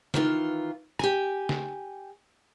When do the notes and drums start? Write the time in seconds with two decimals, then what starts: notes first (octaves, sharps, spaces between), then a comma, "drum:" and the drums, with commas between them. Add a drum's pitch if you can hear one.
0.14 D#3 E3 F4, drum: snare
0.99 G4 G#5, drum: rim click
1.49 drum: snare